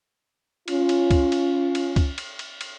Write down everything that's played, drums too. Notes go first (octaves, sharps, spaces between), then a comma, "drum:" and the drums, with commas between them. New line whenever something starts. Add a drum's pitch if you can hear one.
C#4 F4, drum: cymbal
drum: cymbal
drum: kick, cymbal
drum: cymbal
drum: cymbal
drum: kick, cymbal
drum: cymbal
drum: cymbal
drum: cymbal